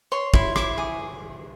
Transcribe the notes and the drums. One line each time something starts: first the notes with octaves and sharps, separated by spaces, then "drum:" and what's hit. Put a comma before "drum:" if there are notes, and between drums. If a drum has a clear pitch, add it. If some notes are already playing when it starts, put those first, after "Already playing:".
C#5 C6
E4 C6, drum: kick
E4 D6, drum: rim click
G#4